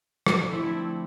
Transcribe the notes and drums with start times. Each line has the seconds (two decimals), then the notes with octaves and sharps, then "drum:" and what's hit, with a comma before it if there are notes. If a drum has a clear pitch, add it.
0.26 drum: rim click
0.52 D3 F3 A3 C4 E4